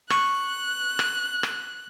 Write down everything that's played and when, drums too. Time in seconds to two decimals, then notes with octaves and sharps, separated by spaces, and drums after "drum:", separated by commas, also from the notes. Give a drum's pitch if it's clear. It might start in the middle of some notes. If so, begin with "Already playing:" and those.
0.10 C#6 F#6, drum: rim click
0.99 drum: rim click
1.43 drum: rim click